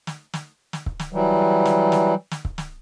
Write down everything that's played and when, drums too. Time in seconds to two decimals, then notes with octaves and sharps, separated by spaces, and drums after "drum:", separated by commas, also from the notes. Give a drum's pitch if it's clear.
0.07 drum: snare
0.34 drum: snare
0.73 drum: snare
0.86 drum: kick C#1
1.00 drum: snare
1.13 E3 F#3 G3
1.65 drum: snare
1.92 drum: snare
2.31 drum: snare
2.45 drum: kick C#1
2.58 drum: snare